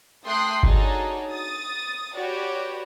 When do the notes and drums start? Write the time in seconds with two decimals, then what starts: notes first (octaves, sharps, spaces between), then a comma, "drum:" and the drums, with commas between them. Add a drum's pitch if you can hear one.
0.24 A3 G5 C6 D#6 F#6 C7
0.63 D4 D#4 F#4 G#4 A4 C#5, drum: kick G1
1.32 D#6 A6
2.15 F#4 G4 B4 C#5 D5